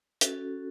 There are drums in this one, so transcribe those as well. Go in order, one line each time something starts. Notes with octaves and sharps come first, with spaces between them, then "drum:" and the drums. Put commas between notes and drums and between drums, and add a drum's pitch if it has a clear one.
C#4 F#4 A4, drum: hi-hat